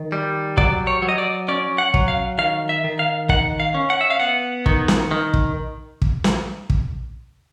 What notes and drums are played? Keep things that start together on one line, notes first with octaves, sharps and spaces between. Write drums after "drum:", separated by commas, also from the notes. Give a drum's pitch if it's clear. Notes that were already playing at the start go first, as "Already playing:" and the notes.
Already playing: D#3
G3
F#3 D5, drum: kick
C#5
F#3
D#5
D5
C#4 D5
F#5
F#3, drum: kick
F5
D#3 F5
E5
D#3
F5
D#3 F#5, drum: kick
F5
C#4
F#5
E5
F5
B3 F#5
D#3, drum: kick
drum: snare
D#3
drum: kick
drum: kick
drum: snare
drum: kick